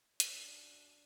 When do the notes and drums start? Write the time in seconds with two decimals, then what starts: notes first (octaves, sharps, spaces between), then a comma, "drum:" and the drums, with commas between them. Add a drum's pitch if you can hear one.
0.20 F#2 D4, drum: hi-hat